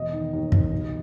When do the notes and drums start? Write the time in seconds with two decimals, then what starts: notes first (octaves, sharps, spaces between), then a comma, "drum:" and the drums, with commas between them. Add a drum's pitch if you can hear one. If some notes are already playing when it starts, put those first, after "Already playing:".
Already playing: E1 D#5
0.13 D#3
0.33 D#2
0.52 E1, drum: kick
0.72 B1